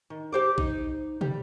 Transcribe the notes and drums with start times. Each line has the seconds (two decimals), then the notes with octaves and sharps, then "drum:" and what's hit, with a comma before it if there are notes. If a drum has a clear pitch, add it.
0.10 D#3
0.32 G4 C5 D5
0.58 D#4, drum: kick A#1
1.21 G3, drum: tom